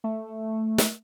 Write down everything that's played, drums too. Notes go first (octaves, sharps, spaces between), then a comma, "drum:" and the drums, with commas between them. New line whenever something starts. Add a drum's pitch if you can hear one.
A3
drum: snare